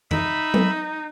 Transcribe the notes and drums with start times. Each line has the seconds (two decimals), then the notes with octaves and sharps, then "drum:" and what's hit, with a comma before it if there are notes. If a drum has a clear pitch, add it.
0.11 D#4 E5 B5, drum: tom F2
0.54 drum: tom F#3